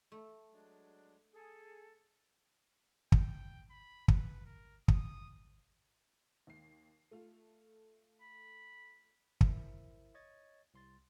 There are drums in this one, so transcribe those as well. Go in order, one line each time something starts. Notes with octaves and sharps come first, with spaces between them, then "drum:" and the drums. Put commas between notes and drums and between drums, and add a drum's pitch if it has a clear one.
A3
F#3 G#3 D4
G#4 A4
G5, drum: kick
B5
B4, drum: kick
A#4
D#6, drum: kick
D#2 C7
A3 F4
B5
E4 A#4 C5 E5, drum: kick
C#5 D#5 C#6 G#6 A6
C2 C6 A6